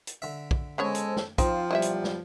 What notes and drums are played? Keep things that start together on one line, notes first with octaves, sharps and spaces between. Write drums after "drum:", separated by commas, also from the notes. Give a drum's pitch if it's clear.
drum: hi-hat
D3 E5
drum: kick
C#3 G#3 B3 A4 C5 C#5
drum: hi-hat
drum: snare
F3 C4 D#4 F4, drum: kick, hi-hat
B1 G3 E4 D#5 E5
drum: hi-hat
drum: snare